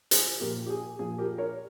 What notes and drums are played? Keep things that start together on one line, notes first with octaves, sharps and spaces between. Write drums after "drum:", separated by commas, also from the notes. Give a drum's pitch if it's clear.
G#4 C5, drum: hi-hat
A#2 F3 G4 A#4
G4
G#4
A#2 F3 G#4
G4 A#4
A#4 C#5